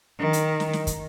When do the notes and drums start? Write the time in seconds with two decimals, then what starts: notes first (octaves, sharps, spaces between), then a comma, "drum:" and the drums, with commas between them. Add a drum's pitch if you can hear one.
0.20 D#3
0.33 drum: hi-hat
0.60 drum: snare
0.73 drum: snare
0.87 drum: kick, hi-hat